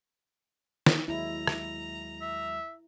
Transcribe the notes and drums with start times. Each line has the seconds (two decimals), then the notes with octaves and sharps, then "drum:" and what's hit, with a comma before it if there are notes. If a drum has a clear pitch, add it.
0.86 drum: snare
1.08 D#2 F#3 G#3 E4 A#5
1.47 drum: rim click
2.22 E5